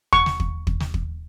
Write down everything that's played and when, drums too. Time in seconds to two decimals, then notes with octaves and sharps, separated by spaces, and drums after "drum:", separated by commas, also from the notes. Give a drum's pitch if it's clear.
0.13 C#6, drum: kick
0.26 drum: snare
0.40 drum: kick
0.67 drum: kick
0.80 drum: snare
0.94 drum: kick